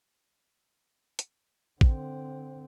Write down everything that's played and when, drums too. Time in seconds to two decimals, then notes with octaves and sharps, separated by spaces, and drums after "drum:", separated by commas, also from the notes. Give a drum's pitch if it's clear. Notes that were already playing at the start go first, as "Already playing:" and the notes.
1.19 drum: hi-hat
1.81 D3 C4, drum: kick A1